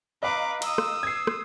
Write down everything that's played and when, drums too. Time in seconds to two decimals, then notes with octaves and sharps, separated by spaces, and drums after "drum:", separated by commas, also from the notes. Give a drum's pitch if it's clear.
0.23 B4 D#5 F5 A#5 D6
0.62 D#6 E6, drum: cymbal
0.78 drum: rim click
1.03 G#6 C7
1.27 drum: rim click